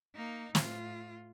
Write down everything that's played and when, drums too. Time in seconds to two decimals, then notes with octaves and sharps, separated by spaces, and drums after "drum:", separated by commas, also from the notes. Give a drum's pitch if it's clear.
0.16 A#3 D#4
0.55 A2 F4, drum: snare